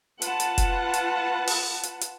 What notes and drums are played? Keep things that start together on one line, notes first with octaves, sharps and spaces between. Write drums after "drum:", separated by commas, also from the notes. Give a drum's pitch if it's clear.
F4 B4 F#5 A5, drum: hi-hat
drum: hi-hat
drum: kick F1, hi-hat
drum: hi-hat
drum: open hi-hat
drum: hi-hat
drum: hi-hat